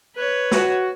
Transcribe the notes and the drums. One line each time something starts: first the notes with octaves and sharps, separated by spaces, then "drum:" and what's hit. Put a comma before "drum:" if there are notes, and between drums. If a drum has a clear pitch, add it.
B4 C#5
F#4, drum: snare